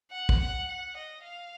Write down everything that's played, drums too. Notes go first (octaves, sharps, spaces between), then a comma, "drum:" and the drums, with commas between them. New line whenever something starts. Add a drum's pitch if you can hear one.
F#5
drum: kick
F#5
F#5
D#5
F5